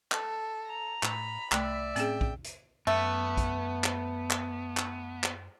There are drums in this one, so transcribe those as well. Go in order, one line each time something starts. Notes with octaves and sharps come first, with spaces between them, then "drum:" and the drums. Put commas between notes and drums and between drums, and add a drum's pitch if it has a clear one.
A4, drum: clap
A#5
A2 B5, drum: clap
C2 A3 D5 E5 G5 A#5, drum: clap
A2 C4 C#4 G#4 G5, drum: hi-hat
drum: kick
drum: hi-hat
F#2 A3 B3
drum: kick, hi-hat
drum: clap
drum: clap
drum: clap
drum: clap